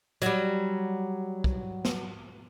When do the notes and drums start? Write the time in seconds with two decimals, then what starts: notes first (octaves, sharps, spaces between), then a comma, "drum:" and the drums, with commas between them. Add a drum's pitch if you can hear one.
0.22 F#3 G3, drum: hi-hat
1.44 drum: kick
1.85 drum: snare